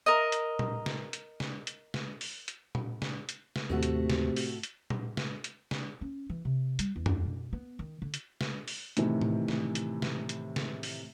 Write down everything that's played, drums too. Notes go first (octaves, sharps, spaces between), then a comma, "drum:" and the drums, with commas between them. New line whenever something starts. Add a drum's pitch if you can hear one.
A#4 D#5
drum: hi-hat
drum: tom A#2
drum: snare
drum: hi-hat
drum: snare
drum: hi-hat
drum: snare
drum: open hi-hat
drum: hi-hat
drum: tom A#2
drum: snare
drum: hi-hat
drum: snare
D#2 A2 C3 A3 F#4
drum: hi-hat
drum: snare
drum: open hi-hat
drum: hi-hat
drum: tom A#2
drum: snare
drum: hi-hat
drum: snare
C#4
E3
C3
G3, drum: hi-hat
E2
drum: tom F#2
B2
B3
D#3
D3
drum: hi-hat
drum: snare
drum: open hi-hat
A2 C3 D#3 E3 A3, drum: hi-hat
drum: tom
drum: snare
drum: hi-hat
drum: snare
drum: hi-hat
drum: snare
drum: open hi-hat